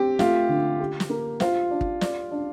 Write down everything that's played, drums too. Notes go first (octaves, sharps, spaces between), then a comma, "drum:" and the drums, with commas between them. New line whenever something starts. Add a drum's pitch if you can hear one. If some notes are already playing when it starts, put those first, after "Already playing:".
Already playing: C4 G4
A3 F4, drum: snare
D3
G4
drum: snare
A#3
F4 C5, drum: snare
D4
drum: kick
D5, drum: snare
D4